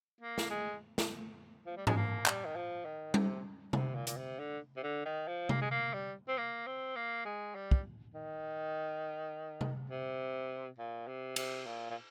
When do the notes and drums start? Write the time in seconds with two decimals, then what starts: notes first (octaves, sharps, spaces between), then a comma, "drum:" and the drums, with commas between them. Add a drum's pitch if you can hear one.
0.20 A#3
0.38 drum: snare
0.50 G#3
0.98 drum: snare
1.66 F3
1.77 G3
1.87 G#3, drum: tom G#2
1.97 A#3
2.26 G3, drum: clap
2.45 D#3
2.56 F3
2.85 D#3
3.14 C3, drum: tom G3
3.73 C3, drum: tom C3
3.95 A#2
4.07 A#2, drum: hi-hat
4.17 C3
4.39 D3
4.76 C3
4.83 D3
5.05 D#3
5.28 F3
5.49 A#3, drum: tom C3
5.61 G#3
5.71 A#3
5.93 G3
6.28 C4
6.38 A#3
6.66 C4
6.96 A#3
7.25 G#3
7.55 G3
7.71 drum: kick
8.14 D#3
9.61 drum: tom C3
9.90 C3
10.78 A#2
11.07 C3
11.36 C3, drum: cymbal
11.66 A#2
11.90 A#2